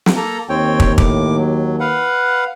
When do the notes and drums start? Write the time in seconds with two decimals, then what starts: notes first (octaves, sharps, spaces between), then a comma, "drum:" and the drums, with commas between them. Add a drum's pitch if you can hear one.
0.06 drum: snare
0.17 A#3 A4 A#5
0.49 D#2 C4 C#5 G5
0.80 drum: kick
0.98 A2 D6, drum: kick
1.36 F#3
1.80 B4 F5 F#5